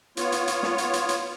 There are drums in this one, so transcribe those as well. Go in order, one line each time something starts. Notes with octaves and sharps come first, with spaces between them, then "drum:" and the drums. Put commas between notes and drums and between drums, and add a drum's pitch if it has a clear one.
B3 F4 C#5, drum: hi-hat
drum: hi-hat
drum: hi-hat
drum: snare
drum: hi-hat
drum: hi-hat
drum: hi-hat